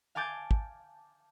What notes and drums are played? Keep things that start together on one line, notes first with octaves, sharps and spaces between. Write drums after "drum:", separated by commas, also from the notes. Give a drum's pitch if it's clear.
F5 G#5 A5 D6 G6 G#6
drum: kick